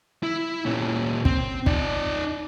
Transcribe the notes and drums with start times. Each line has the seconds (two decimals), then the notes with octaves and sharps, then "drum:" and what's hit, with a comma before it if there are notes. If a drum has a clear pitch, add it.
0.23 E4
0.66 A#2 C#4
1.25 C4, drum: kick
1.66 D#4 D5, drum: kick